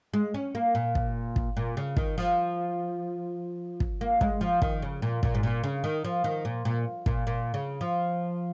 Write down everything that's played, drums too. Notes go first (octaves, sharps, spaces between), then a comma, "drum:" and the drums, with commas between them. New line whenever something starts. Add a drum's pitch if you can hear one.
G#3
C#4
A#3
A#2
drum: kick
drum: kick
A#2
C#3
D#3, drum: kick
F3
drum: kick
A#3
G#3, drum: kick
F3
D#3, drum: kick
C#3
A#2
A#2, drum: kick
G#2
A#2
C#3
D#3
F3
D#3
A#2
A#2
A#2, drum: kick
A#2
C#3
F3